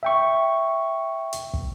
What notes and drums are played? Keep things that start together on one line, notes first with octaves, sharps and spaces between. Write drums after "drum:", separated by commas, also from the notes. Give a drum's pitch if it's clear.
E5 G5 C#6
drum: hi-hat
drum: kick